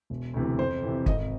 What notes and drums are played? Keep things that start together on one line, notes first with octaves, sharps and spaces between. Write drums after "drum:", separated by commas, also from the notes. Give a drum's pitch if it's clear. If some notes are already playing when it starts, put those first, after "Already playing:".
E1
D2 C3 E3
F2 C5
C3 E3
G#1 D#5, drum: kick